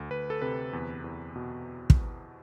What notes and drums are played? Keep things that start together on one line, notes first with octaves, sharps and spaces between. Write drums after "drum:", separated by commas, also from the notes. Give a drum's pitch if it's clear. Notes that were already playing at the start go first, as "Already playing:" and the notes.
Already playing: D2
D2 B4
A4
C3 B4
E2
E2
B2
drum: kick